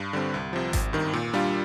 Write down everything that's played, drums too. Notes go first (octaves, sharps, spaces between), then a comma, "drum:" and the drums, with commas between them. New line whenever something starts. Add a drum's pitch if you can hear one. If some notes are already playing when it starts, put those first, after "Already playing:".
Already playing: G2
D3 G3 C4
C2
C3 F3
G#1, drum: kick G#1, hi-hat
G2 D#3
A#2
G3 D4 F4